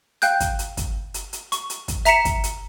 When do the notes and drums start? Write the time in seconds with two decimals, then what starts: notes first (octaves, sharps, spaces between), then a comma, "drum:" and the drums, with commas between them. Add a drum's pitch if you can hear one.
0.22 F5 G5 F#6 G6, drum: hi-hat
0.40 drum: kick, hi-hat
0.59 drum: hi-hat
0.77 drum: kick, hi-hat
1.14 drum: hi-hat
1.33 drum: hi-hat
1.52 C#6, drum: hi-hat
1.70 drum: hi-hat
1.88 drum: kick, hi-hat
2.05 E5 A#5 B6 C#7 E7, drum: hi-hat
2.25 drum: kick, hi-hat
2.44 drum: hi-hat